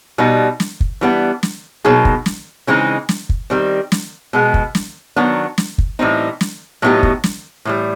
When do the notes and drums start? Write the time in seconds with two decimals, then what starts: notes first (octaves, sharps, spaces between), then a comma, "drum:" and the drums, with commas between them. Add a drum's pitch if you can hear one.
0.18 B2 G3 B3 D#4
0.60 drum: snare
0.80 drum: kick
1.01 E3 G3 B3 D4
1.43 drum: snare
1.85 B2 F#3 A#3 D#4 G#4
2.05 drum: kick
2.26 drum: snare
2.67 C#3 E3 G#3 C4 D#4
3.09 drum: snare
3.29 drum: kick
3.50 D#3 G3 C4
3.92 drum: snare
4.33 B2 G#3 B3
4.54 drum: kick
4.75 drum: snare
5.16 D#3 F#3 B3 D4
5.58 drum: snare
5.78 drum: kick
5.99 A2 E3 G3 C4 D#4
6.41 drum: snare
6.82 A2 F#3 B3 D#4 G4
7.03 drum: kick
7.24 drum: snare
7.65 A2 E3 G3